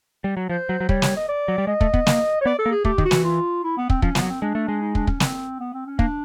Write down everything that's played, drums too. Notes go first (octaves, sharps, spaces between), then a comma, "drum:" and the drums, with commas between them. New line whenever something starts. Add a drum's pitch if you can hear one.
G3
F#3
F3 C5
F#3
F#3
G3 C#5, drum: kick
drum: snare
D#5
D5
F#3
G3
G#3 D#5
A3, drum: kick
B3, drum: kick
A#3, drum: snare
C#5
B3 D5
A4
A#3
G#4
A3 G4, drum: kick
D#3, drum: kick
F#4
E3, drum: snare
F4
E4
B3
C4, drum: kick
F3 C#4, drum: kick
F3 B3, drum: snare
F#3
C4
G#3 D4
A3
G#3
D#4
D4, drum: kick
C#4, drum: kick
C4, drum: snare
B3
C4
C#4
A#3 D4, drum: kick